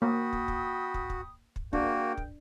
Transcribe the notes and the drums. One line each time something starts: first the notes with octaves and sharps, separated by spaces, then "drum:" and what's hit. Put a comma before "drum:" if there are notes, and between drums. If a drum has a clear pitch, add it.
A#3 F#4 G5 B5 D#6
drum: kick
drum: kick
drum: kick
drum: kick
drum: kick
A#3 D4 F#4 G#4 A#4 G5, drum: kick
drum: kick